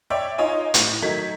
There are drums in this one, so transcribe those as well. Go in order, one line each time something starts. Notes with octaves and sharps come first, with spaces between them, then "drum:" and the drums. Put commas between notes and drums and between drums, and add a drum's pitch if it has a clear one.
C#5 D5 E5 G5
D#4 F4 C#5 D#5 G#5
A2, drum: hi-hat
D#3 F#3 A3 G#6 B6